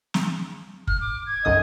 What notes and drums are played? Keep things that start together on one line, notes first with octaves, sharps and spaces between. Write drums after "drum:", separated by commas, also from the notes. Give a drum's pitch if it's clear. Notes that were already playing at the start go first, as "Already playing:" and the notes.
drum: snare
F6, drum: kick
D6
G#6
B1 F#2 D#5 D#6